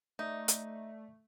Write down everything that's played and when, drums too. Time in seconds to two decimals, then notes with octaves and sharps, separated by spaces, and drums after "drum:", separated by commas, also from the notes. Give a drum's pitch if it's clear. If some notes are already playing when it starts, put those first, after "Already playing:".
0.19 A3 D#4 D5 E5
0.48 drum: hi-hat